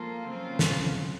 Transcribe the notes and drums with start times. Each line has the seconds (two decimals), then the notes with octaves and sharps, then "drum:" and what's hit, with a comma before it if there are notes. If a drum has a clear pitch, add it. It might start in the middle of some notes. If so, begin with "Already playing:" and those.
Already playing: F3 A#3 F4 A4
0.28 C#3 F#3 C4 F4
0.59 drum: snare